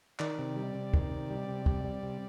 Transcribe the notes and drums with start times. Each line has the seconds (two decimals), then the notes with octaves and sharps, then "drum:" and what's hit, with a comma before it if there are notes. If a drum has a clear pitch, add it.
0.19 D#3 D5, drum: clap
0.39 C3
0.56 G3
0.75 C3
0.94 D#3, drum: kick
1.11 C3
1.30 G3
1.49 C3
1.66 G3, drum: kick
1.84 G3
2.03 C3